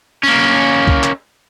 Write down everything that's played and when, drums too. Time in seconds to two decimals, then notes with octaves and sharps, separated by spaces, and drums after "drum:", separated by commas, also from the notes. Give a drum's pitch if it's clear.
0.23 A#3 C#4
0.87 drum: kick
1.03 drum: clap